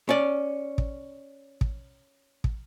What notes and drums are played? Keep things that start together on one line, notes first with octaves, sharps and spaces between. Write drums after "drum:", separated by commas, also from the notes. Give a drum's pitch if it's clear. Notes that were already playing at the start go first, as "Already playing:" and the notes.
C#4 D5
drum: kick
drum: kick
drum: kick